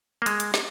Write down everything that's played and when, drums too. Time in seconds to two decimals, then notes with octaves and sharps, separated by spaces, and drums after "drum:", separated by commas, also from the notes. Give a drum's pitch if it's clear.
0.22 A#3
0.26 G#3, drum: hi-hat
0.40 drum: hi-hat
0.54 drum: snare